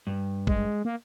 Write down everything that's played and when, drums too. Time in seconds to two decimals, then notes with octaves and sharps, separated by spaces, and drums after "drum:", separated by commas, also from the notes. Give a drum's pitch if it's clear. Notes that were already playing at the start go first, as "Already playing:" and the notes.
0.07 G2
0.47 G#3, drum: kick
0.85 A#3